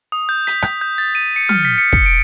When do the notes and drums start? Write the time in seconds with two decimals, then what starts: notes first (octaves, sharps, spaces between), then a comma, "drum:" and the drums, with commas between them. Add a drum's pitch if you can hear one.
0.12 D#6
0.29 G6
0.47 B6, drum: hi-hat
0.62 drum: rim click
0.81 G6
0.98 A6
1.15 D#7
1.36 C#7
1.49 F6, drum: tom
1.65 B6
1.78 C#7
1.93 C#7, drum: kick
2.06 D7